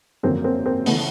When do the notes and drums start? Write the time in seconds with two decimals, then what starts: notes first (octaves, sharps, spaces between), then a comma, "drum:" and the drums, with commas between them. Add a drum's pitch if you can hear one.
0.23 G#1 F#2 D3 F3 A#3 C4
0.44 A#3 C4
0.66 A#3 C4
0.86 C#3 E3 A3 B3, drum: open hi-hat